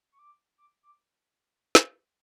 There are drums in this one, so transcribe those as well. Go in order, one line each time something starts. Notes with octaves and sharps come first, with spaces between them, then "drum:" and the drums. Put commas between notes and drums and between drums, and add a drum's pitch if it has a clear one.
C#6
D6
D6
D6
drum: snare